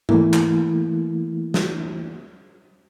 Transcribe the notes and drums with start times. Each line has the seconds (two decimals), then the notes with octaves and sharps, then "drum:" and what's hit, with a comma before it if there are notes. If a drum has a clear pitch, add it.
0.09 E3 A3 A#3 E4, drum: tom G#2
0.33 drum: clap
1.54 drum: snare